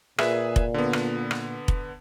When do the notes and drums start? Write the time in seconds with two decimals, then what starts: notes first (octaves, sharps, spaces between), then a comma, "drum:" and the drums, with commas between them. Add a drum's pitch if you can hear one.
0.18 A#2 G#4 B4 E5, drum: rim click
0.56 drum: kick F1
0.74 D3 B3
0.93 drum: rim click
1.31 drum: rim click
1.68 drum: kick F1